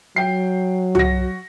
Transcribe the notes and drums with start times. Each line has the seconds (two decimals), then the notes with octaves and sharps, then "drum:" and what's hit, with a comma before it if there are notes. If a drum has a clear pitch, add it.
0.16 F#3 G5 C7
0.95 F#4 A#6, drum: tom